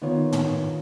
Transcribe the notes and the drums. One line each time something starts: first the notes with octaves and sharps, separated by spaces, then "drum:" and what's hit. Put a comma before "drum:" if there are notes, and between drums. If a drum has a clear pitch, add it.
D#3 B3 F4 C#5
drum: tom